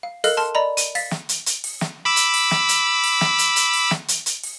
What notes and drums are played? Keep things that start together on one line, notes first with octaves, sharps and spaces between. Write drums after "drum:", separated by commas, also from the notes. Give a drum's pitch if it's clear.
F5
A4 A#4 D#5 F5 F6 F#6, drum: open hi-hat
A5 C6 F6
D5 D#5 A#5 B5
D#7, drum: hi-hat
F5 A6 B6, drum: open hi-hat
drum: snare
drum: hi-hat
drum: hi-hat
drum: open hi-hat
drum: snare
B5 D6 E6
drum: hi-hat
drum: open hi-hat
drum: snare
drum: hi-hat
drum: open hi-hat
drum: snare
drum: hi-hat
drum: hi-hat
drum: open hi-hat
drum: snare
drum: hi-hat
drum: hi-hat
drum: open hi-hat